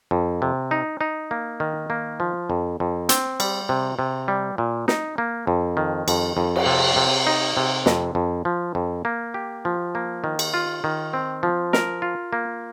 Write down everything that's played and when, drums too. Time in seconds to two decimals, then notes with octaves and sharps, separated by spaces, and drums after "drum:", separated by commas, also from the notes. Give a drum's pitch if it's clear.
0.11 F2
0.42 C3
0.71 D#4
1.01 D#4
1.31 A#3
1.60 D#3
1.90 A#3
2.20 F3
2.50 F2
2.80 F2
3.09 C4, drum: hi-hat
3.40 G3, drum: cymbal
3.69 C3
3.99 C3
4.28 G3
4.58 A#2
4.88 D#4, drum: snare
5.18 A#3
5.47 F2
5.77 D#3
6.08 F2, drum: cymbal
6.37 F2
6.56 drum: cymbal
6.67 C3
6.96 C3
7.27 D#4
7.57 C3
7.86 F2, drum: snare
8.15 F2
8.45 F3
8.75 F2
9.05 A#3
9.34 G4
9.65 F3
9.95 A#3
10.24 D#3
10.39 drum: cymbal
10.54 F4
10.84 D#3
11.13 C4
11.43 F3
11.73 A#4, drum: snare
12.02 F4
12.33 A#3